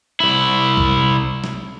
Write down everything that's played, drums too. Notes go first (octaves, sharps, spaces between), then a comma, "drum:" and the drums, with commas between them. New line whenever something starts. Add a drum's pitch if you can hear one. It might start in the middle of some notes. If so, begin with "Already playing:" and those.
C2 E4
drum: kick B1
drum: snare